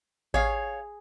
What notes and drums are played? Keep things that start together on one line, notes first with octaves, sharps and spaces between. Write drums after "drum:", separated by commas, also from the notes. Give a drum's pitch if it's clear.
G#4 C#5 F5, drum: kick A1